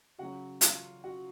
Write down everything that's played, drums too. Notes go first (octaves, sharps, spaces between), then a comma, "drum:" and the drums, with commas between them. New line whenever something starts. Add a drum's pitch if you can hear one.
C#3 F#3 F#4 F#5
F4 F5, drum: hi-hat
F#4 F#5